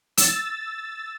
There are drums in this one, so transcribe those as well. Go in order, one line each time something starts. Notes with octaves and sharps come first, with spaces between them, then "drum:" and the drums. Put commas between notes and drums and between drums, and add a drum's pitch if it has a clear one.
E6 A6, drum: hi-hat